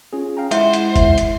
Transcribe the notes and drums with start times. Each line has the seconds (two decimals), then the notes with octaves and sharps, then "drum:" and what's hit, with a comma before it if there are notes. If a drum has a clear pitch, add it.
0.13 C#4 F4 G#4
0.37 F5 G5 A#5
0.51 G#3 E4 C5 E5 F#5, drum: hi-hat
0.73 drum: hi-hat
0.96 drum: kick F1, hi-hat
1.18 drum: hi-hat